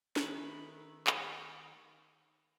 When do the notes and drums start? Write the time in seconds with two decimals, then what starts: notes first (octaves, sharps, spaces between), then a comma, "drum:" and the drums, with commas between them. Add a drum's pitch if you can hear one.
0.16 D#3 A3 B4, drum: snare
1.07 drum: clap